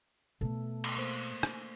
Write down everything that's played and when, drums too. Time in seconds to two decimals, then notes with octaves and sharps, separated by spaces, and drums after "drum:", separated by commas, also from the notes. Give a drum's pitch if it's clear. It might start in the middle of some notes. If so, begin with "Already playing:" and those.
0.41 B2 A3 A4
0.84 drum: cymbal
0.97 A#3 C5
1.18 A3
1.43 drum: rim click